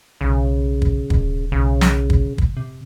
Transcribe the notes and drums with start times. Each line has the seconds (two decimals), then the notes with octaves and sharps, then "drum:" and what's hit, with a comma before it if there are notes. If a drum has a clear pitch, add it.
0.21 B1 C#3
0.82 drum: kick
1.10 D#1, drum: kick
1.52 B1 C#3
1.81 drum: snare
2.10 drum: kick
2.38 drum: kick
2.57 C3